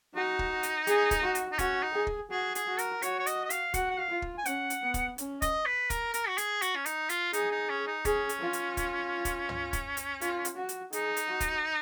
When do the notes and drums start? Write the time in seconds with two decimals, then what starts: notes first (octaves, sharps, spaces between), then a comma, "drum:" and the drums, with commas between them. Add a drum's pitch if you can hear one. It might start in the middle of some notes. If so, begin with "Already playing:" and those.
0.15 D#4 F#4
0.39 drum: kick
0.63 drum: hi-hat
0.87 G#4, drum: hi-hat
1.11 drum: kick, hi-hat
1.23 F#4
1.35 drum: hi-hat
1.52 D#4
1.59 C#4 F#4, drum: kick, hi-hat
1.83 D#4
1.94 G#4
2.07 drum: kick
2.31 F#4 G#4
2.55 G#4, drum: hi-hat
2.67 F#4
2.79 A#4, drum: hi-hat
3.02 F#4 C#5, drum: hi-hat
3.19 C#5
3.27 D#5, drum: hi-hat
3.45 D#5
3.50 F5, drum: hi-hat
3.74 F#4 F#5, drum: kick, hi-hat
3.90 F#5
3.99 F5
4.10 F4
4.22 drum: kick
4.38 G#5
4.46 C#4 F#5, drum: hi-hat
4.70 drum: hi-hat
4.83 B3
4.94 drum: kick, hi-hat
5.18 C#4, drum: hi-hat
5.42 D#5, drum: kick, hi-hat
5.66 B4
5.90 A#4, drum: kick, hi-hat
6.14 A#4, drum: hi-hat
6.28 F#4
6.38 G#4, drum: hi-hat
6.62 F#4, drum: hi-hat
6.76 C#4
6.86 D#4, drum: hi-hat
7.09 F4, drum: hi-hat
7.33 D#4 G#4, drum: hi-hat
7.51 D#4
7.70 C#4
7.87 D#4
8.05 C#4 G#4, drum: kick, hi-hat
8.29 drum: hi-hat
8.41 F4
8.53 drum: hi-hat
8.77 drum: kick, hi-hat
9.25 drum: kick, hi-hat
9.49 drum: tom
9.73 drum: kick, hi-hat
9.97 drum: hi-hat
10.21 F4, drum: hi-hat
10.45 drum: hi-hat
10.57 F#4
10.69 drum: hi-hat
10.93 D#4 G#4, drum: hi-hat
11.17 drum: hi-hat
11.29 F#4
11.40 drum: kick, hi-hat